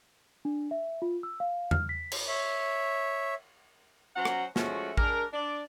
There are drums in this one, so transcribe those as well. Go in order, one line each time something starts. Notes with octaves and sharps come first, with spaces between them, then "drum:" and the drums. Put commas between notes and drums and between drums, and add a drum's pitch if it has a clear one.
D4
E5
F4
E6
F5
F6, drum: tom E2
B6
drum: cymbal
C#5 E5
F#3 C#4 C5 F#5 A#5
drum: rim click
F3 G#3 A3 C#4 F#4, drum: snare
G#3 D4 A#4, drum: kick A1
D4 D5